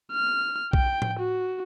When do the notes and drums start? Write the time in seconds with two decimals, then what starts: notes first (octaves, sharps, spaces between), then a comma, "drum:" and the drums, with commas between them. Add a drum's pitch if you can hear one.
0.12 F6
0.73 G5, drum: kick B1
1.02 drum: tom A2
1.19 F#4